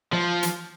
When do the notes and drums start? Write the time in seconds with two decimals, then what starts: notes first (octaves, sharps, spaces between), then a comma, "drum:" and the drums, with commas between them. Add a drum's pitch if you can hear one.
0.13 F3
0.43 drum: hi-hat